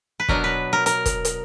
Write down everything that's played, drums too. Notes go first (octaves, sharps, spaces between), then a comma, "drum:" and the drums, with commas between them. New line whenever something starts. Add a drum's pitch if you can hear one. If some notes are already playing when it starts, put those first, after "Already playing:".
B4
B2 F#3 B3 D4 A#4, drum: kick
B4
A#4
A#4, drum: hi-hat
drum: kick, hi-hat
drum: hi-hat